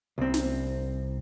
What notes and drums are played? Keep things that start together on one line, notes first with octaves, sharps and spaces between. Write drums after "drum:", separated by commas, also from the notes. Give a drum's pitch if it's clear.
C2 C4
drum: snare